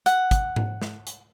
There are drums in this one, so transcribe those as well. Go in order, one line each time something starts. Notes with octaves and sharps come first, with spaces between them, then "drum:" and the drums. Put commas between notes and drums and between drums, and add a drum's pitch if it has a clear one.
F#5, drum: hi-hat
drum: kick, hi-hat
drum: tom G#2
drum: snare
drum: hi-hat